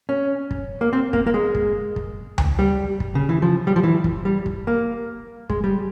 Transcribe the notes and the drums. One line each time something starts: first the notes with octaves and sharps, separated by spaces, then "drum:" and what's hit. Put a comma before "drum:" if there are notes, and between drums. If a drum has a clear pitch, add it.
C#4
drum: kick
A#3
C4
A#3, drum: kick
A#3
G#3
drum: kick
drum: kick
drum: tom D2
G3
drum: kick
C#3
E3
F3
G3
F3
E3
drum: kick
G3
drum: kick
A#3
G#3, drum: kick
G3